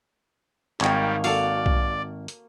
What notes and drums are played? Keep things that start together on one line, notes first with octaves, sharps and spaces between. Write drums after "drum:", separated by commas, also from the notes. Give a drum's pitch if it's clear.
G#1 D#3 G3 A#3 G#4 C#5 G5, drum: clap
F#4 A4 D5 F5, drum: open hi-hat
drum: kick B1
drum: hi-hat